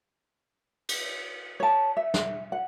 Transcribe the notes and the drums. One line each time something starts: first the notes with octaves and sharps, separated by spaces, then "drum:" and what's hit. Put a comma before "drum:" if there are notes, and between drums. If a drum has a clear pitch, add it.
drum: cymbal
C#5 A5
E5
drum: snare
F#5